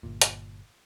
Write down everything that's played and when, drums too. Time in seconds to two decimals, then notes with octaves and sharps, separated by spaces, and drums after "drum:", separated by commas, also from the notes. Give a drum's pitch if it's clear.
0.03 G1 A#2
0.21 drum: hi-hat